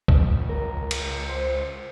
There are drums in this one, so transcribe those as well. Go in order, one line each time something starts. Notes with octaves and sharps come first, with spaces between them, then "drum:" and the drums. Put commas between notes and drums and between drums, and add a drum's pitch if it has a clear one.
C#2, drum: kick
A#4
drum: cymbal
C5